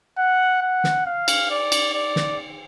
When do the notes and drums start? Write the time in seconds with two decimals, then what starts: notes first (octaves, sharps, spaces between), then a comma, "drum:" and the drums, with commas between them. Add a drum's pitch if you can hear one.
0.18 F#5
0.62 F#5
0.84 drum: snare
1.06 F5
1.28 drum: cymbal
1.50 D5
1.72 drum: cymbal
1.94 D5
2.16 drum: snare